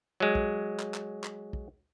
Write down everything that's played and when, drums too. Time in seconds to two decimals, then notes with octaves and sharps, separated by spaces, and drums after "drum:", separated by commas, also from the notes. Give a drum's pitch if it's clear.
0.20 F#3 G#3
0.35 drum: kick A#1
0.79 drum: clap
0.94 drum: clap
1.24 drum: clap
1.53 drum: kick A#1